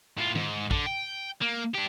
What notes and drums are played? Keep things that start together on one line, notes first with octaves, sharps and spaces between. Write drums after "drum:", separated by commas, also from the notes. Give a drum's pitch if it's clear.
A2 F4
G#2, drum: tom D#3
D3, drum: kick
G5
A#3
D4 G4